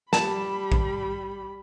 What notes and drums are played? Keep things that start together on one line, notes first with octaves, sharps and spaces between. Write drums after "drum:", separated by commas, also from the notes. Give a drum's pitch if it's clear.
G3 A5 B5, drum: snare
drum: kick A#1